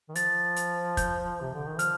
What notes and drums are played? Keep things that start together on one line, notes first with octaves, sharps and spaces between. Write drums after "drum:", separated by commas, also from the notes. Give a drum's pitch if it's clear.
D#3
F3 A6, drum: hi-hat
drum: hi-hat
G6, drum: kick, hi-hat
C3
D3
D#3
F3 F6, drum: hi-hat